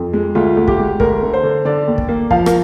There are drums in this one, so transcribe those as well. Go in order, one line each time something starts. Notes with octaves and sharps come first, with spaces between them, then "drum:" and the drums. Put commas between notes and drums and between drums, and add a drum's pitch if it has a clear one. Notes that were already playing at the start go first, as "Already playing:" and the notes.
Already playing: F2
G#3
D2 F4
D2
G4, drum: kick
G#3
D2 A#4, drum: kick
D3
C5
D3
D3 D5
D#2
drum: kick
A#3
F3 F5, drum: kick
A#4, drum: rim click